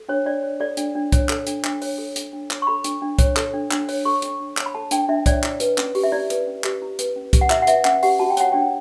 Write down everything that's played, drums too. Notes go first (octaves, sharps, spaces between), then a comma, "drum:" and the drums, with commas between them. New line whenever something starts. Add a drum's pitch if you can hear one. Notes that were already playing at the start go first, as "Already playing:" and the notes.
Already playing: A4
D4 C#5
D4 D5
C#5
A4 D5
D4, drum: hi-hat
D4
C#5, drum: kick C2, hi-hat
A4, drum: clap
D4, drum: hi-hat
D4, drum: clap
C#5, drum: open hi-hat
A4
D4, drum: hi-hat
D4
C#5, drum: clap
C#6
A4 B5
D4, drum: hi-hat
D4
C#5, drum: kick C2, hi-hat
A4, drum: clap
D4
D4, drum: clap
C#5, drum: open hi-hat
A4 C#6
D4, drum: hi-hat
D4
C#5, drum: clap
B5
A4 A5
D4 G5, drum: hi-hat
D4 E5
C#5 D5, drum: kick C2, hi-hat
E4, drum: clap
B4, drum: hi-hat
C#4, drum: clap
G4, drum: open hi-hat
E5
E4 D5
B4, drum: hi-hat
C#4
G4, drum: clap
E4
B4, drum: hi-hat
C#4
G4, drum: kick C2, hi-hat
F#5
E4 E5, drum: clap
F#5
B4 E5, drum: hi-hat
C#4 F#5, drum: clap
G4 F#5, drum: open hi-hat
F#4 A5
G5
C#5 F#5, drum: hi-hat
D4 G5